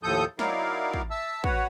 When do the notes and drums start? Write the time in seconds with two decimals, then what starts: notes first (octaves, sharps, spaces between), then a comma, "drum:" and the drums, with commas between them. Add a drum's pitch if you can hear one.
0.03 D#2 A2 F3 A4 D#6 G6
0.39 F#3 D#4 E4 A#4 D5 F5, drum: snare
0.94 drum: kick
1.10 E5 A5 E6
1.44 F#4 B4 C#5 F#5, drum: kick